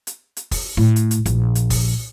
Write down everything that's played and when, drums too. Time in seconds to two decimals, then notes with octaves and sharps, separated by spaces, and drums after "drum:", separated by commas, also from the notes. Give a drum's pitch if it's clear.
0.07 drum: hi-hat
0.37 drum: hi-hat
0.51 drum: kick, open hi-hat
0.77 A2
0.96 drum: hi-hat
1.11 drum: hi-hat
1.26 A#1, drum: hi-hat
1.55 drum: hi-hat
1.70 drum: kick, open hi-hat